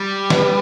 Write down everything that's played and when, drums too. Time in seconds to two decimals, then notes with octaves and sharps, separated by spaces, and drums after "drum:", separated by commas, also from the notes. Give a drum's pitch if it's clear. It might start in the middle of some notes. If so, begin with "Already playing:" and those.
Already playing: G3
0.30 B4, drum: snare